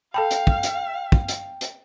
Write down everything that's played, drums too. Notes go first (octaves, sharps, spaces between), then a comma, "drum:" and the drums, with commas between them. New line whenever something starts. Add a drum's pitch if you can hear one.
A4 F5 G5 A5 B5
drum: hi-hat
drum: kick
drum: hi-hat
drum: kick
drum: hi-hat
drum: hi-hat